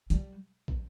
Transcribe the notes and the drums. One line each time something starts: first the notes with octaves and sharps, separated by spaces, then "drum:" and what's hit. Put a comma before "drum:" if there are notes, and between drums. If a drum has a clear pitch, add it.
G3, drum: hi-hat
drum: kick